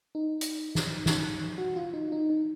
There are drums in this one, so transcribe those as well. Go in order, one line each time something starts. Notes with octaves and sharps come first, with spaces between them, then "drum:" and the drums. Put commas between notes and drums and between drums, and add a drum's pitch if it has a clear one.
D#4
drum: hi-hat
drum: snare
drum: snare
F#4
F4
D#4
D#4
D#4